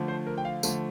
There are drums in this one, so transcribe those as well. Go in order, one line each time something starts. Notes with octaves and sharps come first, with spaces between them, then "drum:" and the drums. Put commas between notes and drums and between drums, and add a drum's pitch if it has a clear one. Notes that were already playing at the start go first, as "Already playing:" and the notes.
Already playing: D3 F3 A3
C5
A#4
G5
F5
D3 F3 A3, drum: tambourine